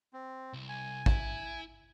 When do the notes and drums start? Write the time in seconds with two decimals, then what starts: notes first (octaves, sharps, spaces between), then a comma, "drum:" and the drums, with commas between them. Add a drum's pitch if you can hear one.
0.13 C4
0.53 C2
0.69 G#5
1.06 E4, drum: kick